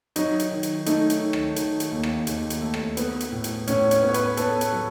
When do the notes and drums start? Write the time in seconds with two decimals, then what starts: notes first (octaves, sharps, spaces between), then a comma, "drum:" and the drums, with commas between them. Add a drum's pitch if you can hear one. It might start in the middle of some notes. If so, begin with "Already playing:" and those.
0.16 F#3 D#4, drum: hi-hat
0.40 drum: hi-hat
0.51 D#3
0.63 drum: hi-hat
0.86 A3 D#4, drum: hi-hat
1.10 drum: hi-hat
1.21 D#3
1.33 drum: rim click
1.56 D#3, drum: hi-hat
1.80 drum: hi-hat
1.92 D#2
2.03 drum: rim click
2.27 D#2, drum: hi-hat
2.50 drum: hi-hat
2.61 A3
2.74 drum: rim click
2.97 B3, drum: hi-hat
3.20 drum: hi-hat
3.32 A2
3.44 drum: hi-hat
3.67 A2 C#4, drum: hi-hat
3.91 C#4, drum: hi-hat
4.02 B3
4.09 C#5
4.14 B4, drum: hi-hat
4.37 B3 A4, drum: hi-hat
4.61 drum: hi-hat
4.73 F#3